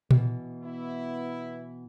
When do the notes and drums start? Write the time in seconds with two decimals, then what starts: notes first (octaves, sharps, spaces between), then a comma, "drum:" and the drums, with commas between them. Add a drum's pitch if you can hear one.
0.11 B2 E3, drum: tom A#2
0.64 B3 E4